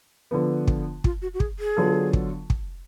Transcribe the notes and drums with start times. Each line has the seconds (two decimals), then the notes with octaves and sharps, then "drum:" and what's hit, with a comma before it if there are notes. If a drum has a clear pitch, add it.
0.31 D3 F3 B3
0.67 drum: kick
1.04 F4, drum: kick
1.22 F#4
1.34 F#4
1.40 G#4, drum: kick
1.59 G#4
1.76 D3 F#3 B3 F4 A4
2.13 drum: kick
2.50 drum: kick